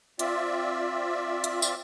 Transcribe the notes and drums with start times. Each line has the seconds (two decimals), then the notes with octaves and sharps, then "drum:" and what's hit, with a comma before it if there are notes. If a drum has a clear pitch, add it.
0.19 C4 F4 D5 E5, drum: hi-hat
1.44 drum: hi-hat
1.62 drum: tambourine